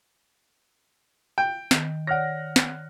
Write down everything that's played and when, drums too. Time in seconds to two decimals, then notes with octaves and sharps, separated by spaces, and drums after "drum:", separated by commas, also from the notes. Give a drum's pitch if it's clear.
1.38 G5
1.71 D#3, drum: snare
2.07 C#5 D5 F#5 F6 A#6
2.56 drum: snare